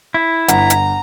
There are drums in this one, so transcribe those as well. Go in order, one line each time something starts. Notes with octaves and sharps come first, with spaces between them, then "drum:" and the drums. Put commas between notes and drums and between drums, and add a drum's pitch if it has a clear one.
E4
G1 F#5 A#5, drum: hi-hat
drum: hi-hat